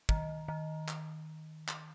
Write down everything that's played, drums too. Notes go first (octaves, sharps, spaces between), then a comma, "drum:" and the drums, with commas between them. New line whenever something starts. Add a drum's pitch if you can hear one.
D#3, drum: kick
D#3
drum: clap
drum: clap